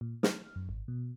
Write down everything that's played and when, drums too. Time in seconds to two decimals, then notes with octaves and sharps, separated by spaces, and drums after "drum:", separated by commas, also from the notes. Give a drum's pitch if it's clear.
0.01 A#2
0.23 F6, drum: snare
0.56 F#2
0.69 G#1
0.88 B2